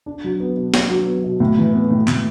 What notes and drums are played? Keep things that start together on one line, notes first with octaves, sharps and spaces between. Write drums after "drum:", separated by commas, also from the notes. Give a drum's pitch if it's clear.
D4
F#3
B3
B2
D4, drum: snare
F#3
B3
B2
A2
E3
B3
A2
A2, drum: clap